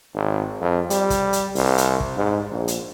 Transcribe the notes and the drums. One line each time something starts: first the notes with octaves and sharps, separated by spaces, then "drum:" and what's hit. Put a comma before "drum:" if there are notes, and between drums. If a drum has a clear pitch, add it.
G#1
F2
G3, drum: hi-hat
drum: kick, hi-hat
drum: hi-hat
C2, drum: open hi-hat
drum: hi-hat
drum: kick
G#2
A#1
drum: hi-hat